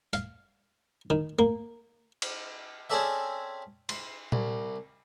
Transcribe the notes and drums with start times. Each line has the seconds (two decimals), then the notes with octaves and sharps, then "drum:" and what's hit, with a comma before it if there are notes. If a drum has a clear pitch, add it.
0.13 F5, drum: hi-hat
1.10 D#3
1.39 A#3
2.22 drum: cymbal
2.90 C4 C#4 G#4 A4 D5 E5
3.89 C6, drum: cymbal
4.32 C2, drum: tom A#2